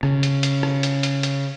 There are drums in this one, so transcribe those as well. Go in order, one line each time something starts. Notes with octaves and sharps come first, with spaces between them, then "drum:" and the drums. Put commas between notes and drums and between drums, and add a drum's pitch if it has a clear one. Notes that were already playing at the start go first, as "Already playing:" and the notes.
C#3, drum: rim click
drum: hi-hat
drum: hi-hat
drum: rim click
drum: hi-hat
drum: hi-hat
drum: hi-hat